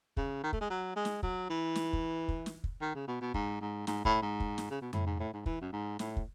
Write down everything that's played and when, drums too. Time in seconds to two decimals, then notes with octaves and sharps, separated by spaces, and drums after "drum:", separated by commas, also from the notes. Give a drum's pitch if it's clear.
0.17 C#3, drum: kick
0.43 D#3
0.53 A3, drum: kick
0.61 G#3
0.70 F#3
0.96 G#3
1.05 drum: snare
1.23 F#3, drum: kick
1.49 E3
1.75 drum: snare
1.93 drum: kick
2.28 drum: kick
2.46 drum: snare
2.64 drum: kick
2.81 D#3
2.95 C#3
3.08 B2
3.21 B2
3.34 G#2, drum: kick
3.61 G#2
3.87 G#2, drum: snare
4.05 A2, drum: kick
4.22 G#2
4.40 drum: kick
4.58 drum: snare
4.70 C#3
4.81 B2
4.93 A2, drum: tom F2
5.06 G#2
5.19 A2
5.33 G#2
5.46 E3, drum: kick
5.61 F#2
5.72 G#2
5.99 A2, drum: snare
6.16 drum: kick